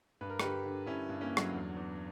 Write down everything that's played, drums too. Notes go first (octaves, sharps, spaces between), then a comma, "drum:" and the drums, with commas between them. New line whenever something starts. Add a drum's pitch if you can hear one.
G2 B4
A#4
D3 G4 B4, drum: rim click
D3
G2 C#4 E4
G2
A#3 C#4
D3
F#3, drum: rim click
E2
E2